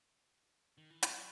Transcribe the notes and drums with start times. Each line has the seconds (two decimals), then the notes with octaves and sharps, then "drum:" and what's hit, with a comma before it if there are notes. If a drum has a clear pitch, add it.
0.78 D#3
0.90 E3
1.03 F#3, drum: hi-hat